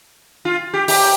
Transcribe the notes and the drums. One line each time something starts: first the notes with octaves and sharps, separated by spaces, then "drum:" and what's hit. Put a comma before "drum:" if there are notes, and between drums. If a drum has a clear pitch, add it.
F4
G4
G4, drum: open hi-hat